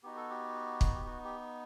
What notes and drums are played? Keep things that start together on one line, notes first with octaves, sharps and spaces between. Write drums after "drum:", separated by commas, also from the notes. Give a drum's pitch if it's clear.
B3 D#4 F#4 G4
A4
G4
drum: kick
G4
F#4
G4